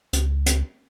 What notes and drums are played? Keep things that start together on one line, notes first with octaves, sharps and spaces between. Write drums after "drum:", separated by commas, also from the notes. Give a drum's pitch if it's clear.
C#2, drum: hi-hat
drum: hi-hat